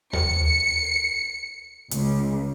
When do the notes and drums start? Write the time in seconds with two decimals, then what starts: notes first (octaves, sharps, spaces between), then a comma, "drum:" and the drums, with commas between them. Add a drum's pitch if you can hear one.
0.13 C#7, drum: tom D#2
1.91 C#2, drum: hi-hat